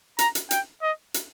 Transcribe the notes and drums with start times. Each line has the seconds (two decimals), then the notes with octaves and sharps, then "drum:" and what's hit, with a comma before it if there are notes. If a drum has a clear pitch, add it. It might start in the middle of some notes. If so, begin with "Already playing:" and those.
0.19 A#5, drum: hi-hat
0.35 drum: hi-hat
0.51 G5, drum: hi-hat
0.82 D#5
1.14 drum: hi-hat